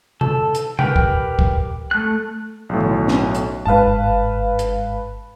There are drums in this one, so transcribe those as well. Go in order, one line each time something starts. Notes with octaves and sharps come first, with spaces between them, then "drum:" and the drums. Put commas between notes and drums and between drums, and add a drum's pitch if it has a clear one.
A4, drum: tom C3
drum: hi-hat
G4 A#4 B4 G5, drum: tom C3
drum: kick
drum: kick
A3 F#6
B1 A2
drum: tom D#3
drum: snare
drum: hi-hat
G1 G#2 B4 F5 A5
drum: hi-hat